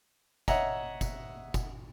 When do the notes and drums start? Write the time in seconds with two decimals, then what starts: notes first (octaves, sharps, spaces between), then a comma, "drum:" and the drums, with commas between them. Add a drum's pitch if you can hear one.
0.48 C#5 D#5 E5 F#5 A#5, drum: kick, tambourine
1.01 drum: kick, tambourine
1.54 drum: kick, tambourine